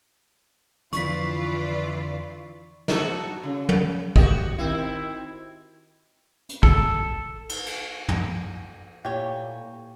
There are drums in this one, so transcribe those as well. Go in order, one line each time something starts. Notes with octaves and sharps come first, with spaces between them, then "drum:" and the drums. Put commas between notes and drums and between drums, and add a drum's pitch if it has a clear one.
F2 D3 E3 F3 F4 D5 C#6 B6, drum: hi-hat
D#4 F#4 A4, drum: snare
C#3
drum: tom
F#4 G4 D#5, drum: kick
D#3 C4 E4
drum: hi-hat
A4, drum: kick
drum: cymbal
drum: cymbal
drum: tom
A#2 A3 E4 G4 C#5